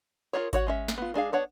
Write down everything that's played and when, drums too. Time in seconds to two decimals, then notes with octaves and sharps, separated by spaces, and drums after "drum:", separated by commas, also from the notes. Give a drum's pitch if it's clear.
0.33 F4 F#4 G#4 A#4 C#5
0.53 F#4 C#5 F#5, drum: kick G#1, hi-hat
0.67 G#3 C#4 E5
0.88 drum: snare
0.98 B3 F4
1.14 G#3 D4 G#4 F5
1.32 B3 D4 C#5 F#5